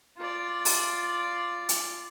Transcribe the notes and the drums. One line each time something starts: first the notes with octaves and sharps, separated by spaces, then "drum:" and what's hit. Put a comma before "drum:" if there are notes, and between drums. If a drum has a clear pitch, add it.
F4 D5
drum: open hi-hat
drum: hi-hat